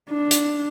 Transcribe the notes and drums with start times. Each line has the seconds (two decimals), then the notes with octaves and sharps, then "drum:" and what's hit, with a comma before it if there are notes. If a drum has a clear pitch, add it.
0.10 D4
0.31 drum: hi-hat